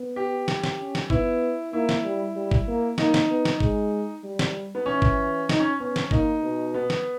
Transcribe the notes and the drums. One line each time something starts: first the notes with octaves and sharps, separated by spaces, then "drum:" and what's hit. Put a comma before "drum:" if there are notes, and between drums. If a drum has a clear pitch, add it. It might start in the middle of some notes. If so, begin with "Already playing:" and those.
Already playing: B3
G4
drum: snare
drum: snare
C#4
drum: snare
B3 E4, drum: kick G#1
A#3 E4
drum: snare
G3
G3
drum: kick G#1
A#3
A#3 D#4, drum: snare
drum: snare
B3
drum: snare
G#3, drum: kick G#1
G3
drum: snare
B3
E3 C#4
drum: kick G#1
D#4, drum: snare
C#4
B3 C#4
drum: snare
A#3 D#4, drum: kick G#1
B2
B3
drum: snare